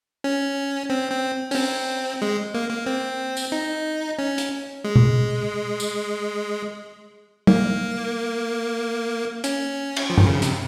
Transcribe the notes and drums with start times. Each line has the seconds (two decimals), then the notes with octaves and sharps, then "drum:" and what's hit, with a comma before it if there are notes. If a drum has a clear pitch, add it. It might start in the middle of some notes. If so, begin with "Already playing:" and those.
0.24 C#4
0.90 C4
1.12 C4
1.51 C#4, drum: open hi-hat
1.55 C4
2.22 G#3
2.54 A#3
2.70 A#3
2.86 C4
3.37 drum: tambourine
3.52 D#4
4.19 C#4
4.38 drum: hi-hat
4.84 G#3
4.96 drum: tom B2
5.80 drum: tambourine
7.47 A#3, drum: tom
9.44 C#4, drum: hi-hat
9.96 drum: cymbal
10.10 F3
10.18 D#3, drum: tom G2
10.26 C#3
10.42 C3, drum: hi-hat